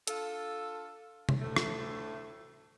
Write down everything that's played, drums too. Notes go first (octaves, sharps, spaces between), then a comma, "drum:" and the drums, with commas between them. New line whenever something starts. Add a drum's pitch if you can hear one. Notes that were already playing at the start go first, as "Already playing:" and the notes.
D4 F4 A4, drum: hi-hat
drum: tom C3
D2 A2 A3
drum: rim click